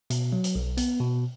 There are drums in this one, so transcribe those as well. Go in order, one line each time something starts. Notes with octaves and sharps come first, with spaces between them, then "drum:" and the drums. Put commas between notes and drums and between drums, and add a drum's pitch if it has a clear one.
B2, drum: hi-hat
F#3
drum: hi-hat
B1
B3, drum: hi-hat
B2